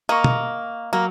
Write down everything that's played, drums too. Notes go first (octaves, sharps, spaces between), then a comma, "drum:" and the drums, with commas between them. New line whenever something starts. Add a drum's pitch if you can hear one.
A#3 D#5 C#6
drum: tom
F#3 A#3